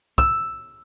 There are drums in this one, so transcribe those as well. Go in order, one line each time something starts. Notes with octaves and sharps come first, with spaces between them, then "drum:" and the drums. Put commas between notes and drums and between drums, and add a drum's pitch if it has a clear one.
E6, drum: kick